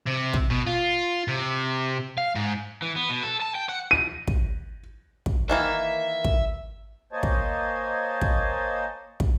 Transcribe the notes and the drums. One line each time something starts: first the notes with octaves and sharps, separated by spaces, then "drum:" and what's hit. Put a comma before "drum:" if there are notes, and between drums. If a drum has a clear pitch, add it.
C3
drum: kick
B2
F4
C3
F5
G#2
E3
B3
B2
A4
A5
G5
F#5
D#7
drum: kick
drum: kick
D#3 E3 A#3 E5
drum: kick
A#3 C5 C#5 D#5 G#5 A5
drum: kick
drum: kick
drum: kick